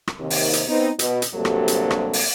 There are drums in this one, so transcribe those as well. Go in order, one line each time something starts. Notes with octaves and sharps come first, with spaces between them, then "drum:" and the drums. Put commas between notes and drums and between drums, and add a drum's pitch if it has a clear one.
drum: rim click
D#2 C3 D#3
drum: open hi-hat
drum: hi-hat
B3 C4 D#4
B2, drum: hi-hat
drum: hi-hat
D2 G2 C3 F#3 A#3 A4
drum: rim click
drum: hi-hat
drum: rim click
drum: open hi-hat